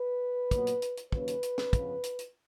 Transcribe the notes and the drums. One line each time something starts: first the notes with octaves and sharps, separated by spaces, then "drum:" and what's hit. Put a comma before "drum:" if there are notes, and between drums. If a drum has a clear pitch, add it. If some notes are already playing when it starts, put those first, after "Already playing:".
Already playing: B4
A#2 F#3 B3, drum: kick, hi-hat
drum: hi-hat
drum: hi-hat
drum: hi-hat
D#2 C#3 F#3 C#4 B4, drum: kick
drum: hi-hat
drum: hi-hat
drum: snare
F2 C#3 F3 B3, drum: kick, hi-hat
drum: hi-hat
drum: hi-hat